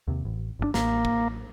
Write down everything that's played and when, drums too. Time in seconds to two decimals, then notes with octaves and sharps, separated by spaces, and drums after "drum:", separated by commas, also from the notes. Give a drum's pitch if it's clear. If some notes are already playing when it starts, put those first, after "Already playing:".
0.08 D#2 C3
0.25 A1
0.59 G1 B2 D4
0.74 A1 A#3, drum: snare
1.05 drum: kick